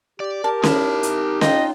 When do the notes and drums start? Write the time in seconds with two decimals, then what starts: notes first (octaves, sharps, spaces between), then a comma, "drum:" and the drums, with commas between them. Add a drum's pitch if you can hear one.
0.20 G4 D5
0.44 G4 A#4 A5
0.63 D#4 E4 A5, drum: snare C#4
1.03 drum: hi-hat
1.41 F4 D#5 G5, drum: snare C#4